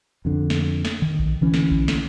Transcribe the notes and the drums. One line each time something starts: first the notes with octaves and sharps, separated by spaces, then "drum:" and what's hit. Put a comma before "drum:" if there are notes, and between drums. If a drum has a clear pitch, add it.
F2 D3
drum: snare
drum: snare
D#3
drum: kick A#1
D3 E3 C#4
drum: snare
drum: kick A#1
drum: snare